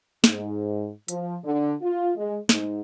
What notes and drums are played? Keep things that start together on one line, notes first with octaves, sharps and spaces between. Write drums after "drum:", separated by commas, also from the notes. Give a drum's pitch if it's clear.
G#2, drum: snare
F3, drum: hi-hat
D3
F4
G#3
G#2, drum: snare